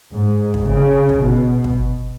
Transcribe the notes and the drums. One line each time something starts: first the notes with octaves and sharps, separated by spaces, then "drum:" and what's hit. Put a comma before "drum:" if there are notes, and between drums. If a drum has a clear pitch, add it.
G#2
drum: kick
C#3
drum: kick
B2
drum: kick